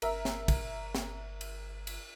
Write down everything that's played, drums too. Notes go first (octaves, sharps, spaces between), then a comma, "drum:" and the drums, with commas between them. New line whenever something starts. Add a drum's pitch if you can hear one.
G1 A#4 E5, drum: cymbal
drum: snare
drum: kick, cymbal
drum: snare
drum: cymbal
drum: cymbal